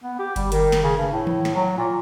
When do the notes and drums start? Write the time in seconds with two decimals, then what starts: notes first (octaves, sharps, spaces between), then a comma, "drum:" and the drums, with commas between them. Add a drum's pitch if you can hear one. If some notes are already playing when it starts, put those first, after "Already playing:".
0.04 B3
0.19 G4
0.36 G3, drum: kick G1, hi-hat
0.52 D#3, drum: hi-hat
0.72 drum: snare
0.83 C#3
0.97 G2
1.12 A2
1.27 drum: tom D#3
1.45 drum: snare
1.55 F#3
1.77 A#2